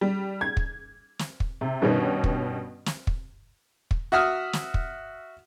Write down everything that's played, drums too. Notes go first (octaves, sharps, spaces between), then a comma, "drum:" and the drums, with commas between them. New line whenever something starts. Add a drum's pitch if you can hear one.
G3
G#6
drum: kick
drum: snare
drum: kick
C3
G2 B2 D#3 G3 B3 C#4
drum: kick
drum: snare
drum: kick
drum: kick
F#4 E5 D#6 F6
drum: snare
drum: kick